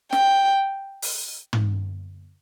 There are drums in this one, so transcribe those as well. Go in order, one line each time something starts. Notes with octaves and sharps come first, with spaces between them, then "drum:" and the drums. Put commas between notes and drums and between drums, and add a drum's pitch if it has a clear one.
G5, drum: snare
drum: open hi-hat
drum: tom